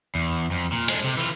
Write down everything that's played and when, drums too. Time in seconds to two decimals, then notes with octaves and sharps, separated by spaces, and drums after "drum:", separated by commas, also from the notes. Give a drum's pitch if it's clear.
0.15 E2
0.51 F2
0.72 A#2
0.88 G#3 D4, drum: cymbal
1.04 C3
1.17 E3 F4